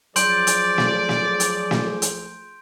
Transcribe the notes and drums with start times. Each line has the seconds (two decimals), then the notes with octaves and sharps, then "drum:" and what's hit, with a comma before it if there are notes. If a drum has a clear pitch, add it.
0.16 F3 F#3 G#4 D5 C6 G6 D7, drum: hi-hat
0.47 drum: hi-hat
0.78 drum: snare
1.09 drum: snare
1.40 drum: hi-hat
1.71 drum: snare
2.02 drum: hi-hat